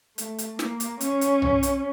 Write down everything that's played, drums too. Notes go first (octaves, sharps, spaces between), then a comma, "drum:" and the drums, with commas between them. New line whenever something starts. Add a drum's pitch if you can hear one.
A3, drum: hi-hat
drum: hi-hat
A#3, drum: snare
drum: hi-hat
C#4, drum: hi-hat
drum: hi-hat
drum: tom B1
drum: hi-hat